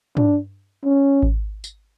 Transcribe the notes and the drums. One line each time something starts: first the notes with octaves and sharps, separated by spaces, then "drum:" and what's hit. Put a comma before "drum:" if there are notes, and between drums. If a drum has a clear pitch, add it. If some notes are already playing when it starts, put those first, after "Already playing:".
D4, drum: tom
C#4
drum: kick G#1
drum: tambourine